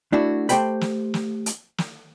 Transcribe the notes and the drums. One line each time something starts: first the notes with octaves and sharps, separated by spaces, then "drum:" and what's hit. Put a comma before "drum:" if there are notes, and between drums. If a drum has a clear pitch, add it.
A3 D4 E4 F#4
A3 G4 C5 G5 B5, drum: hi-hat
drum: snare
drum: snare
drum: hi-hat
drum: snare